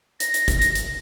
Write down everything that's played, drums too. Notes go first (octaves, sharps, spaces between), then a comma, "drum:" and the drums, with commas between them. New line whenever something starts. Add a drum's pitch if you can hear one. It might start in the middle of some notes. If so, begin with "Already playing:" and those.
A#6, drum: hi-hat
drum: hi-hat
drum: kick, hi-hat
drum: hi-hat
drum: hi-hat